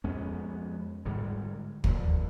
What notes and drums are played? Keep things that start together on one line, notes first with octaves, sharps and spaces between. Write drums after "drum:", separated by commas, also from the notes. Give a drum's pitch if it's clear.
F2 G#3 B3 C#4
G#2 D3 G3 G#3
F2 A#2 D3, drum: kick